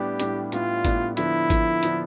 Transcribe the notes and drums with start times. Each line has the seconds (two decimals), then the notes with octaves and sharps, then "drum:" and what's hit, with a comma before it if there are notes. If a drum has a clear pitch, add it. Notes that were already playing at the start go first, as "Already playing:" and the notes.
Already playing: A2 G3 B3 D4 G4
0.20 A2 G3 B3 D4, drum: hi-hat
0.52 A2 G3 B3 D4 F4, drum: hi-hat
0.85 A2 G3 B3 D4, drum: kick G#1, hi-hat
1.17 D3 F3 B3 E4, drum: hi-hat
1.50 D3 F3 B3, drum: kick G#1, hi-hat
1.83 D3 F3 B3, drum: hi-hat